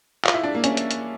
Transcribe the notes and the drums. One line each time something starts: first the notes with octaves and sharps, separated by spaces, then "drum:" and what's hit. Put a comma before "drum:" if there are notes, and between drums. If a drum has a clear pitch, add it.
F4, drum: clap
E4
D4
A#3
C#4, drum: hi-hat
drum: hi-hat
drum: hi-hat